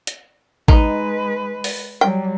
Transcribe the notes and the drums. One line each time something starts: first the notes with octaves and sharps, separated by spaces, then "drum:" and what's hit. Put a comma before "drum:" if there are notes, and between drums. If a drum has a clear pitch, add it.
drum: hi-hat
G#3 D#4 B4, drum: kick
drum: open hi-hat
F#3 G3 G5